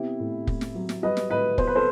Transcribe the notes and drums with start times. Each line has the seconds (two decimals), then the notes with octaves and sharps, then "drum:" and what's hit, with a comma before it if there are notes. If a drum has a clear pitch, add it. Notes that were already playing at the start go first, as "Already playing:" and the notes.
Already playing: C3 B3 E4 G4
0.20 A2
0.47 A2, drum: kick
0.61 drum: snare
0.75 F#3
0.89 drum: snare
1.03 G3 B4 D#5
1.17 drum: snare
1.30 A2 B4 D#5
1.58 B3 C5, drum: kick
1.67 B4
1.76 A4 C5